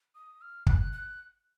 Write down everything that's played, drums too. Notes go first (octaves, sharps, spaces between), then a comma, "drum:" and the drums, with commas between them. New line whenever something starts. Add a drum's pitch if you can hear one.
D#6
F6
F#6, drum: kick
F#6